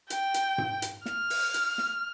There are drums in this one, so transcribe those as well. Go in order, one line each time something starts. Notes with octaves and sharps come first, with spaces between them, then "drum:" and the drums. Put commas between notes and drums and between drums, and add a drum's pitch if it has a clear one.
G5, drum: hi-hat
drum: hi-hat
drum: tom G#2
drum: hi-hat
F6, drum: snare
drum: open hi-hat
drum: hi-hat
drum: snare